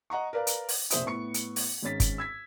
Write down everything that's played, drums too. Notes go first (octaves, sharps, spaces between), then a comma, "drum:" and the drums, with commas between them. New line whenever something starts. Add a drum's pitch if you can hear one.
D#5 F#5 A#5 C#6
A#4 B4 D5 F5 A#5
drum: hi-hat
drum: open hi-hat
F1 A#1 C5 E5 D#6, drum: hi-hat
A2 B3 C#6 C#7
drum: hi-hat
drum: open hi-hat
G#1 G#2 C#4 C#5 A6 B6
drum: kick, hi-hat
E6 G#6 B6